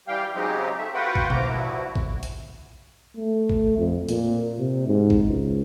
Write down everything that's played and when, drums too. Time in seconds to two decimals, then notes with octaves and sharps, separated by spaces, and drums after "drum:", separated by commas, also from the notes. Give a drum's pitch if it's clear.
0.08 E3 G3 G4 F5 G5
0.35 C#3 F#3 G#3 C4 D#4 G4
0.78 A3 E5
0.94 F4 F#4 B4 F#5 G5
1.15 drum: kick A1
1.30 D#2 C3 A#3 A#5 D6, drum: tom B2
1.48 G2 F3 E4 F#4
1.96 drum: kick A1
2.23 drum: hi-hat
3.17 A3
3.49 drum: kick A1
3.79 F2
4.09 A#2, drum: hi-hat
4.58 C3
4.87 G#2
5.10 drum: kick A1
5.29 C#2